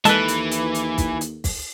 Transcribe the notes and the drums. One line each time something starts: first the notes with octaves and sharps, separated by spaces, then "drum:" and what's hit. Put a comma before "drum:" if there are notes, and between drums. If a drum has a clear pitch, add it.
D#2 E3 G#3 A4 B4 A5, drum: hi-hat
drum: hi-hat
drum: hi-hat
drum: hi-hat
drum: kick, hi-hat
drum: hi-hat
drum: kick, open hi-hat